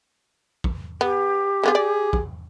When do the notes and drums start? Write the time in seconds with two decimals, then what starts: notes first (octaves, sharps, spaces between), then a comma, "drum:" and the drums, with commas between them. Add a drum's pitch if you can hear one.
0.64 drum: kick
1.01 B3 G4
1.63 D3 B3 F4 G#4
1.75 D5
2.13 drum: kick